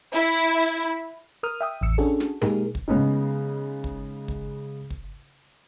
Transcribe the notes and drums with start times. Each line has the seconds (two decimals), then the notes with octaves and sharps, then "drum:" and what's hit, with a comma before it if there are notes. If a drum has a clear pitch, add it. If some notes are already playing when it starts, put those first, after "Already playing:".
0.13 E4
1.43 A#4 D#6 F6
1.61 E5 G5 D#6
1.81 A1 E2 E6 C#7
1.98 C#4 D4 F#4 G#4 A4
2.20 drum: snare
2.42 G#3 A#3 D#4 G4 G#4 A#4, drum: tom B2
2.75 drum: kick
2.88 C#3 G#3 B3 C#4 D#4
3.84 drum: kick
4.28 drum: kick
4.90 drum: kick